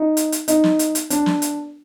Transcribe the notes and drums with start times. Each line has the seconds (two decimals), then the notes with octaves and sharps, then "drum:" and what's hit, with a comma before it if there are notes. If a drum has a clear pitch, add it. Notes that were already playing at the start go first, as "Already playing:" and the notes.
Already playing: D#4
0.17 drum: hi-hat
0.32 drum: hi-hat
0.48 D#4, drum: hi-hat
0.64 drum: snare
0.79 drum: hi-hat
0.95 drum: hi-hat
1.10 D4, drum: hi-hat
1.26 drum: snare
1.42 drum: hi-hat